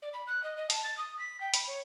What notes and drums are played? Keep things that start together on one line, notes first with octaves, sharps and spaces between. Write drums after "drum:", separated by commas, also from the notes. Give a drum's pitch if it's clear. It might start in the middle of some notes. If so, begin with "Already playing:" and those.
D5
B5
F#6
D#5
D#5
A5, drum: hi-hat
A6
D#6
B6
G5
B5, drum: hi-hat
C#5